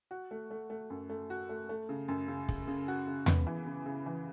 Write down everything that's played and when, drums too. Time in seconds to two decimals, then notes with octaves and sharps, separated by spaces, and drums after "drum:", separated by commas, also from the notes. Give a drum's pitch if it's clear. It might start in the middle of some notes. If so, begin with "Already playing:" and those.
0.11 F#4
0.31 A3
0.51 A3
0.70 A3
0.90 F#2
1.10 A3
1.30 F#4
1.49 A3
1.69 A3
1.89 C#3
2.08 F#2
2.28 C#3
2.49 C#3, drum: kick
2.68 C#3
2.88 F#4
3.07 C#3
3.26 B3, drum: tom E2
3.47 E3
3.66 C#3
3.86 C#3
4.06 E3